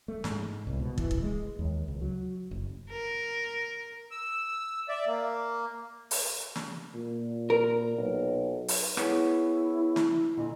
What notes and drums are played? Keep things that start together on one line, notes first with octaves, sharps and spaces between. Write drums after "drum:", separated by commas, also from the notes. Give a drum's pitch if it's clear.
A3
G#2, drum: snare
C2
B2
E3, drum: kick
drum: kick
G#3
D#2
C#2
F#3
F#1
A#4
E6
D5 E5
A#3
drum: open hi-hat
drum: snare
A#2
A#4
B1
drum: open hi-hat
B3 E4 G#4 C#5, drum: rim click
drum: snare
A#2 D3 D#5